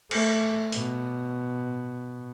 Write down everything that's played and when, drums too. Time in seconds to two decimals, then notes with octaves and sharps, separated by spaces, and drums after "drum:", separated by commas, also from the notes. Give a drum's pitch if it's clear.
0.11 A3, drum: cymbal
0.72 B2, drum: open hi-hat